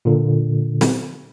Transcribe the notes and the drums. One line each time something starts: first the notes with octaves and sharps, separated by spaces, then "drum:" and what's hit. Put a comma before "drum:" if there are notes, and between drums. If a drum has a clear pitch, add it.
A#2 D3
drum: snare